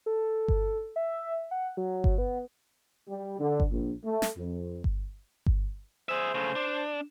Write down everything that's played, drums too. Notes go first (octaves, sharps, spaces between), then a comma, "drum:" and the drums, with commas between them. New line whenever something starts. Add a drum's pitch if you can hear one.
A4
drum: kick G1
E5
F#5
F#3
drum: kick G1
B3
G3
D3
drum: kick G1
A#1
A3
drum: snare
F2
drum: kick G1
drum: kick G1
G#4 C5 E5
C#3 A3
D4